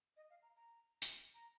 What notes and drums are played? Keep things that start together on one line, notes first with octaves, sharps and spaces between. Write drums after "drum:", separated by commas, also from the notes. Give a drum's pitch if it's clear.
D#5
F5
A#5
A#5
drum: hi-hat
A#5